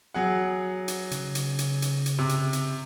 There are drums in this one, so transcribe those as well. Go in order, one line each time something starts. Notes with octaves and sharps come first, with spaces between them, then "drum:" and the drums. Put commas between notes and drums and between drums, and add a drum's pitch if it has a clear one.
F#3 G#4 F#5
drum: hi-hat
C#3, drum: hi-hat
drum: hi-hat
drum: hi-hat
drum: hi-hat
drum: hi-hat
C3
drum: hi-hat
drum: hi-hat